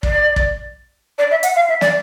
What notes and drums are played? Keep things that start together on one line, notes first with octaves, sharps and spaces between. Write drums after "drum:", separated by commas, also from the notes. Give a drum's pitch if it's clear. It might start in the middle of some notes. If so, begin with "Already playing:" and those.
D5, drum: kick
drum: kick
D5
E5
F#5, drum: hi-hat
F5
E5
D5, drum: snare